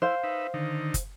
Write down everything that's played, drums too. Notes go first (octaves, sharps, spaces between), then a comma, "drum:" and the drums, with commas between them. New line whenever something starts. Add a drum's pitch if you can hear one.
E4 C5 F5
D#4 B4 E5
D3 D#3 D#4
drum: kick, hi-hat